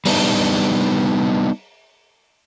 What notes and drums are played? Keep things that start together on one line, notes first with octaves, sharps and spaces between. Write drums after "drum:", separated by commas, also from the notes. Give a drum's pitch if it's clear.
G3 B3 D4 D#4, drum: open hi-hat